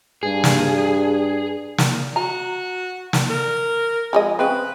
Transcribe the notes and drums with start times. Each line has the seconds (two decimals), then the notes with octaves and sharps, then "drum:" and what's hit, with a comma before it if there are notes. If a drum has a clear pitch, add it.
0.23 G2 G#4
0.44 drum: snare
1.78 drum: snare
2.16 F#4 A#5
3.13 drum: snare
3.30 A#4
4.13 F3 G#3 D#5
4.39 C#3 C4 B4